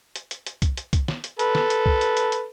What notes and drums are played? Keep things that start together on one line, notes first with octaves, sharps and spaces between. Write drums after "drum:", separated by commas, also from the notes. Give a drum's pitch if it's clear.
drum: hi-hat
drum: hi-hat
drum: hi-hat
drum: kick C2, hi-hat
drum: hi-hat
drum: kick C2, hi-hat
drum: snare
drum: hi-hat
A4 B4, drum: hi-hat
drum: snare
drum: hi-hat
drum: kick C2
drum: hi-hat
drum: hi-hat
drum: hi-hat